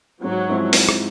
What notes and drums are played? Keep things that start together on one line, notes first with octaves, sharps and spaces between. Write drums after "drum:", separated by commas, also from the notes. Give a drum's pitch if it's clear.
G#2 F#3
F3 G#3 C4 E4
G#2, drum: open hi-hat
drum: rim click